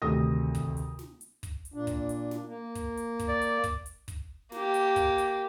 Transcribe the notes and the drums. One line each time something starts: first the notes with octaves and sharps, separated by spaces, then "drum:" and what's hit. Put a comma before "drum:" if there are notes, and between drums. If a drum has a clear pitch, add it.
D2 C3 D#3 A4 D#6 A#6
drum: kick, hi-hat
drum: hi-hat
drum: snare
drum: hi-hat
drum: kick, hi-hat
drum: hi-hat
A#2 D4
drum: kick, hi-hat
drum: hi-hat
drum: snare
A#3
drum: kick, hi-hat
drum: hi-hat
drum: kick, hi-hat
D5
drum: hi-hat
drum: kick, hi-hat
drum: hi-hat
drum: kick, hi-hat
A#3 G4, drum: snare
drum: hi-hat
drum: kick, hi-hat
drum: hi-hat